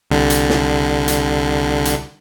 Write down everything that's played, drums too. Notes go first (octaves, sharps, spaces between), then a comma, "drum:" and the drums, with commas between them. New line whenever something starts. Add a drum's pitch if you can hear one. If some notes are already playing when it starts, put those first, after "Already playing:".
C2 D3
drum: hi-hat
drum: snare
drum: hi-hat
drum: hi-hat